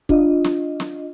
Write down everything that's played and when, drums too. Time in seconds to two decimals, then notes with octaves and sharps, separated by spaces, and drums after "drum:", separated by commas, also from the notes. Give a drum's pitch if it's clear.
0.09 D4 F4 D#5, drum: kick
0.44 drum: snare
0.80 drum: snare